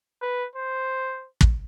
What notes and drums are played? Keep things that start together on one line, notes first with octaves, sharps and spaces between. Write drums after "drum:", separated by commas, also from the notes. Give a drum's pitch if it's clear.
B4
C5
drum: kick